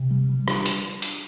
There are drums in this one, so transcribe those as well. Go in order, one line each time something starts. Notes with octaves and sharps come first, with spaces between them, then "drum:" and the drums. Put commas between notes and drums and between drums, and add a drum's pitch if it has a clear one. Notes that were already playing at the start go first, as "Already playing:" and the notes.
Already playing: C3
G3
G3
D4, drum: rim click
drum: hi-hat
drum: hi-hat